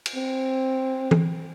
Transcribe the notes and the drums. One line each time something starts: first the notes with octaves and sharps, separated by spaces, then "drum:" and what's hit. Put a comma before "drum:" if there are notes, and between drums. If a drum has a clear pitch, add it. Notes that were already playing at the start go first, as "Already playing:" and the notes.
drum: cymbal
C4
drum: tom